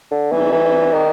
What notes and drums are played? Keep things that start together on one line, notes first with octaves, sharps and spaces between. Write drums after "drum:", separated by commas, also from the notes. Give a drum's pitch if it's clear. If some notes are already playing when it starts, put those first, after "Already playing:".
D3
E3, drum: cymbal
E3
D#3